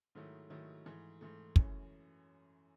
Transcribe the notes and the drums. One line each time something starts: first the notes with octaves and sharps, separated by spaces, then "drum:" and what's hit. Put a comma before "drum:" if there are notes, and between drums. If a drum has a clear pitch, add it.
G#2 D#3 F#3 A3 E4
G#2 D#3 F#3 A3 E4
G#2 E3 A3
G#2 E3 A3
F#2 E3 A3 C#4, drum: kick